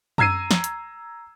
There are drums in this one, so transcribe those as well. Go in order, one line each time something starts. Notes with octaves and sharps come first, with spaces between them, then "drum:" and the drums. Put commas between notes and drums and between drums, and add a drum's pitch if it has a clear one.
A#5 E6 G#6 C7 D#7, drum: tom F#2
drum: snare
drum: hi-hat